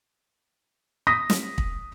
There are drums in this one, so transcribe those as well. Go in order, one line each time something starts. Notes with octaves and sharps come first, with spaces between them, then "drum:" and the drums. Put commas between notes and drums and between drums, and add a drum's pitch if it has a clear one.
D#6 A#6 B6
drum: snare
drum: kick